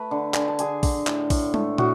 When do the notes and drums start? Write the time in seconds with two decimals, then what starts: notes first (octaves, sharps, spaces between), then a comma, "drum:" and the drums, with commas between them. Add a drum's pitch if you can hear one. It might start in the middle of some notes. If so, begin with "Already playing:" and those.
Already playing: A3 B4 A5 B5
0.11 D3
0.34 D3 G#5, drum: clap
0.48 A5
0.59 D3 G#4 G#5, drum: hi-hat
0.83 D3, drum: kick A#1, open hi-hat
1.07 A2, drum: clap
1.30 A2, drum: kick A#1, open hi-hat
1.54 A3, drum: tom G#3
1.78 A2 F#4, drum: tom